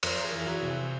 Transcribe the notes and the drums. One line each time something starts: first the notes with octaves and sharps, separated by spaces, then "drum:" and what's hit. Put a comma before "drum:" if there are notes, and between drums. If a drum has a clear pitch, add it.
F2 A#4 C5, drum: cymbal
G#4 A#4
E3
F#4 G#4
C3